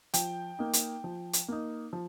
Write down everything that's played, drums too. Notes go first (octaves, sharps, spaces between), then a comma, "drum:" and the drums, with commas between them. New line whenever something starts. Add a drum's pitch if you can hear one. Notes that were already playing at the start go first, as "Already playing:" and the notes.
F3 G5, drum: hi-hat
A#3 D#4
drum: hi-hat
F3
drum: hi-hat
A#3 D#4
F3